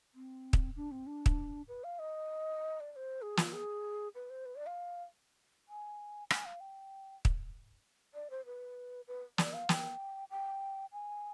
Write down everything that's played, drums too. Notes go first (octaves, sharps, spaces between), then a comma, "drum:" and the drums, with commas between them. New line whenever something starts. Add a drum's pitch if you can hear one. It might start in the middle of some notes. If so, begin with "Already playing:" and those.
C4
drum: kick
D4
C4
D4
drum: kick
B4
F5
D#5
D5
D5
C5
G#4
F4, drum: snare
G#4
B4
C5
B4
D5
F5
G#5
G#5, drum: rim click
F5
G5
drum: kick
D5
C5
B4
B4
D5, drum: snare
F5
G5, drum: snare
G5
G#5